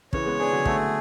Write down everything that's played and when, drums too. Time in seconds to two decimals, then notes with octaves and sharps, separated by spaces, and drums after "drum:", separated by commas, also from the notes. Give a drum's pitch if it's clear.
0.13 C#3 E3 C#5, drum: kick
0.26 G#3 B3
0.39 B3 D4 G#4
0.52 D3 F#3
0.65 D3 A3, drum: kick